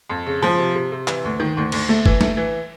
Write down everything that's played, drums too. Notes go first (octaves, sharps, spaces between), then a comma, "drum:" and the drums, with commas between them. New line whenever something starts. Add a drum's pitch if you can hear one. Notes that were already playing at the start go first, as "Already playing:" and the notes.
F2
C#3
F3
C3
C3
C3
E3, drum: clap
D2
D#3
D2
D2, drum: cymbal
A3
E3, drum: kick
A3, drum: snare
E3